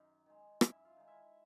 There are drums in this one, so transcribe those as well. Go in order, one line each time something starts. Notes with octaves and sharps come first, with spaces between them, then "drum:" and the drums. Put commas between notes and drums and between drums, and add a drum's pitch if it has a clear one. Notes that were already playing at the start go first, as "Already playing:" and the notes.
Already playing: F#2 D#3
D#3 G#3
F#2 E4 E5, drum: rim click
F4 F5
D#3 G#3
E4 E5